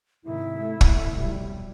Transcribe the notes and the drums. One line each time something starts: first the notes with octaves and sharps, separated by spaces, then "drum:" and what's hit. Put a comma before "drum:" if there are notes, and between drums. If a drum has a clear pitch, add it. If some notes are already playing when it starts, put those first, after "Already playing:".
G#2 C3 D#3 E4
A3
drum: kick
F1 B1 G3